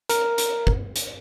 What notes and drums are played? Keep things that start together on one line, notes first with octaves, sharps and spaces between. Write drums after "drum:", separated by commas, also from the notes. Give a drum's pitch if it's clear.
A#4, drum: hi-hat
drum: hi-hat
drum: kick
drum: hi-hat